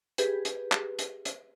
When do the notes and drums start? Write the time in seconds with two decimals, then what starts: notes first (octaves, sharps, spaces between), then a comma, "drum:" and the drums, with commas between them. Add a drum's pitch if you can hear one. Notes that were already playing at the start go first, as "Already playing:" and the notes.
0.18 G4 G#4 B4, drum: hi-hat
0.45 drum: hi-hat
0.72 drum: clap
0.99 drum: hi-hat
1.25 drum: hi-hat